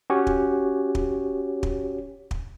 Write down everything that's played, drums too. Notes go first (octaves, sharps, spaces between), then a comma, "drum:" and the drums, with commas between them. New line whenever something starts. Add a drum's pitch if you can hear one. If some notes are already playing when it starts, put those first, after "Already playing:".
C#4 F#4 G4 C#5
drum: kick
drum: kick
drum: kick
drum: kick